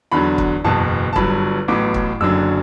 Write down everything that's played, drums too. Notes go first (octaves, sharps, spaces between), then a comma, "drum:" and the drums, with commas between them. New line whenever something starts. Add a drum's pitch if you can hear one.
E2 D3 F#3 B5
drum: kick
F#1 E2 B2 A5
A5
G1 G2 F#3 B5, drum: kick
A1 A2 F#3 B3 D6
drum: kick
F#1 F#2 D3 F#3 E6